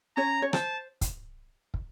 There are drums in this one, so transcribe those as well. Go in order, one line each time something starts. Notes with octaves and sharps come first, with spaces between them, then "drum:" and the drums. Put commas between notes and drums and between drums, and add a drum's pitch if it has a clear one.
C#4 C#5 A#5
C#5
C5 A5, drum: rim click
drum: kick, hi-hat
drum: kick